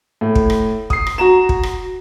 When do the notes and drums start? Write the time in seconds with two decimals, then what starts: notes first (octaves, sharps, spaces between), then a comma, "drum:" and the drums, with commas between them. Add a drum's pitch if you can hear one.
0.21 A2
0.35 drum: kick
0.50 drum: rim click
0.90 D#6 C7, drum: kick
1.07 drum: rim click
1.18 F#4 A#5 E7
1.49 drum: kick
1.63 drum: rim click